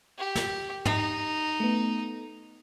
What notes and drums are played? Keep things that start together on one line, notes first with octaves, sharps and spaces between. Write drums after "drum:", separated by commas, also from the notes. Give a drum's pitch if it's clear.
G4
drum: snare
D#4, drum: tom
A3 B3